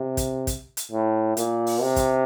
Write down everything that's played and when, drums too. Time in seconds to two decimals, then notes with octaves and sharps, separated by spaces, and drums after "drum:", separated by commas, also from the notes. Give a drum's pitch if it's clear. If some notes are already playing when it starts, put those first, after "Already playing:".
Already playing: C3
0.17 drum: kick, hi-hat
0.47 drum: kick, hi-hat
0.77 drum: hi-hat
0.92 A2
1.37 A#2, drum: hi-hat
1.67 drum: open hi-hat
1.81 C3
1.96 drum: kick, hi-hat